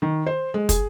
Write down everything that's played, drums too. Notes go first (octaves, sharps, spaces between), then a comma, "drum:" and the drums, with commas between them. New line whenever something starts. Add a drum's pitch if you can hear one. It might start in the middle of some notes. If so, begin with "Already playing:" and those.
D#3
C5
G#3
G#4, drum: kick, hi-hat